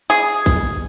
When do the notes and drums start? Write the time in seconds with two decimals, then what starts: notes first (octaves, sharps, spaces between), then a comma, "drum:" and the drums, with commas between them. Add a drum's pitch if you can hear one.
0.10 G#4
0.46 drum: kick A#1, hi-hat